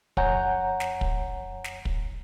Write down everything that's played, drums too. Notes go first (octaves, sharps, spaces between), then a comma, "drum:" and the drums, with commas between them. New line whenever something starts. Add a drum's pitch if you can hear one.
F2 C#5 F#5 G#5 A#5 G6, drum: kick
drum: snare
drum: kick
drum: snare
drum: kick